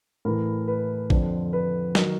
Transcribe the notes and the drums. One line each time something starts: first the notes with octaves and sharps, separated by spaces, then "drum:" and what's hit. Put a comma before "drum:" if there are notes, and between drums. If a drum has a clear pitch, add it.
A2 E3 A#4
B4
F2 D3 F3, drum: kick A1
B4
D#3 F#3 A#4, drum: snare